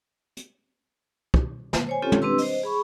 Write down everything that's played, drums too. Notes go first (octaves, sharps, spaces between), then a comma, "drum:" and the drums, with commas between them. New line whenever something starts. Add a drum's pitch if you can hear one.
drum: hi-hat
drum: kick
drum: snare
C5 C#5 G#5
C4 C#4 F4 G4 A4 C#5
drum: tom
C4 D4 G4 B4 C6 E6
C5 D#5, drum: open hi-hat
G#4 B5 C#6